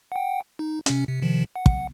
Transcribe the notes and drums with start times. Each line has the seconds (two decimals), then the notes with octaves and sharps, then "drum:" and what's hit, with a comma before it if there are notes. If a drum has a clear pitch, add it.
0.12 F#5 G5
0.59 D#4
0.86 C3 C#4, drum: hi-hat
1.09 C3
1.22 C3 D#3 F3
1.56 F#5
1.66 drum: kick